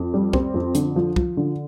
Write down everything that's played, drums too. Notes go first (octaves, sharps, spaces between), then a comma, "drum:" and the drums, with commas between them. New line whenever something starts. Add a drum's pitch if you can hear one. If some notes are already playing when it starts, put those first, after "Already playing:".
Already playing: F2
G3
C4, drum: kick
F2
D3, drum: hi-hat
F3
F3, drum: kick
D3